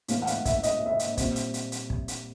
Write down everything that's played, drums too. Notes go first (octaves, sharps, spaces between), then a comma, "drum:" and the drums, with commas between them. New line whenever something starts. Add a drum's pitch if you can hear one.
A2 E3 G#3 B3 F5, drum: hi-hat
F#5
F5, drum: hi-hat
E5, drum: kick, hi-hat
D#5, drum: hi-hat
E5
D#5
drum: hi-hat
A#2 G3 C4, drum: kick, hi-hat
drum: hi-hat
drum: hi-hat
drum: hi-hat
drum: kick
drum: hi-hat